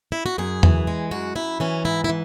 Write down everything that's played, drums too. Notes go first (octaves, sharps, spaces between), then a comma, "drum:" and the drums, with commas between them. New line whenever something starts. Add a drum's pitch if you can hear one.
E4
F#4
F#2 G#4
E3, drum: tom E2
G#3
F#2 F#4
F#2 E4
E3 C#4
G#2 E4
E4
E3